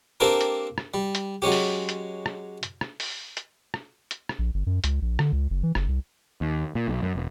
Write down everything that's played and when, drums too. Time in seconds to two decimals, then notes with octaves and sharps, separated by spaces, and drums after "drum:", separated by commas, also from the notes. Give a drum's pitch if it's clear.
0.20 A#3 C4 D4 G4 A4 A#4
0.41 drum: hi-hat
0.78 drum: rim click
0.94 G3
1.15 drum: hi-hat
1.42 F#3 G#3 C#4 G4
1.52 drum: open hi-hat
1.89 drum: hi-hat
2.26 drum: rim click
2.63 drum: hi-hat
2.81 drum: rim click
3.00 drum: open hi-hat
3.37 drum: hi-hat
3.74 drum: rim click
4.11 drum: hi-hat
4.29 drum: rim click
4.39 A#1
4.54 G1
4.66 F#2
4.84 C#2, drum: hi-hat
5.02 A#1
5.19 D3, drum: rim click
5.32 C#2
5.50 F#1
5.63 E3
5.75 F#1, drum: rim click
5.88 C2
6.41 D#2
6.75 A#2
6.88 B1
7.02 F#2
7.15 E1